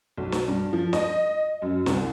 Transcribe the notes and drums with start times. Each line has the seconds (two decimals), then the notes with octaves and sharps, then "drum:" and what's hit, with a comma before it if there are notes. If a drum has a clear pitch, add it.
0.17 B1
0.32 drum: snare
0.48 G2
0.73 F3
0.93 D#5, drum: snare
1.62 F#2
1.86 C2, drum: snare